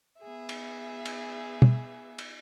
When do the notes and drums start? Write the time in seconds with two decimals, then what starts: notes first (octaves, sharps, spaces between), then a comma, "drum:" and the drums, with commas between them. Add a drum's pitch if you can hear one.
0.21 B3 G#4 E5
0.49 drum: cymbal
1.05 drum: cymbal
1.62 drum: tom
2.18 drum: cymbal